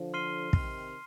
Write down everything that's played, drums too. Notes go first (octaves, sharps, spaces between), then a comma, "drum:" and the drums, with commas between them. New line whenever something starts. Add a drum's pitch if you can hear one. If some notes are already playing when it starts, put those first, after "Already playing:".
Already playing: D3 F3
C6 F6 C7 D#7 G7
C3 D#3, drum: kick